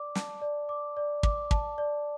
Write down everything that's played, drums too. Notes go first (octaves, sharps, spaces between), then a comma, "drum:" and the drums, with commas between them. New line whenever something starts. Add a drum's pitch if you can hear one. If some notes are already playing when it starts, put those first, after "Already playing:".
Already playing: D5 D6
A5, drum: snare
D5
D6
D5
D6, drum: kick
A5, drum: kick
D5